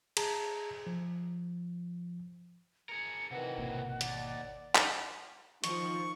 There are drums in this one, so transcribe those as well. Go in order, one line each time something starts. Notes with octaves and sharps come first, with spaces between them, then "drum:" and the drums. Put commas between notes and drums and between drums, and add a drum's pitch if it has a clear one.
G#4 A5 A#5, drum: cymbal
F3
G#4 A#4 C#7
C3 D#3 E3 F#4 F#5
G#1 B2 A#3
D#2 D5, drum: hi-hat
drum: clap
D#3 F3 C#6, drum: hi-hat